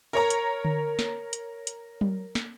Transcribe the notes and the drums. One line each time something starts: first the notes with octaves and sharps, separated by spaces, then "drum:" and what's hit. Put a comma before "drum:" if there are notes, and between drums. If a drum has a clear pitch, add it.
A#4 C#5 A#5
drum: hi-hat
drum: tom D3
drum: snare
drum: hi-hat
drum: hi-hat
drum: tom F#3
drum: snare